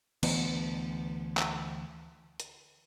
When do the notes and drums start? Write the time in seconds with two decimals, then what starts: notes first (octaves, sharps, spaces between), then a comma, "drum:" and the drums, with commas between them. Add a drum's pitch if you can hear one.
0.23 D2 E3 B3, drum: cymbal
1.37 drum: clap
2.40 drum: hi-hat